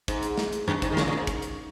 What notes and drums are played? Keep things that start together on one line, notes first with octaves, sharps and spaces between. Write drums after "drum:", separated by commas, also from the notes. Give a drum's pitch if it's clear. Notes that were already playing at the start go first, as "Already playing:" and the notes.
G#2, drum: kick, hi-hat
drum: hi-hat
drum: snare
drum: hi-hat
F#2, drum: tom F#2
G#2, drum: kick, hi-hat
D#3
C#3, drum: snare
A#2
G#2
drum: kick, hi-hat
drum: hi-hat